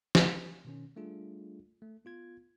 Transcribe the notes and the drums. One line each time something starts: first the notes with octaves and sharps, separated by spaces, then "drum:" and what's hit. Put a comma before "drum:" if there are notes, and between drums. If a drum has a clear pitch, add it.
drum: snare
B2 D#3 C#4
G3 A3 D4 F4 G#4
A3
B3 F4 G#6